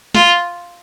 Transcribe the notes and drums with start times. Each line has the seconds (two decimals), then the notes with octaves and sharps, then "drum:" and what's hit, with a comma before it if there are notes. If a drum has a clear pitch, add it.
0.14 F4, drum: snare